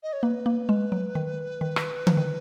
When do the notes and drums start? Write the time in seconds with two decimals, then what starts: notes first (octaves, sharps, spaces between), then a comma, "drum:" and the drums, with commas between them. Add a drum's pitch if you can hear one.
0.03 D#5
0.13 C#5
0.23 A#3 B4
0.46 A#3
0.69 G#3
0.92 F#3
1.15 D#3
1.61 D#3
1.76 drum: rim click
2.07 F3, drum: tom D3
2.17 D#3